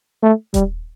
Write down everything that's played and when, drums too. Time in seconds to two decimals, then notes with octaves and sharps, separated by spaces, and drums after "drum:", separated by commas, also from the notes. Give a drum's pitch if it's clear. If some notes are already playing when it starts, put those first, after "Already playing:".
0.23 A3
0.54 G3, drum: kick D#1, hi-hat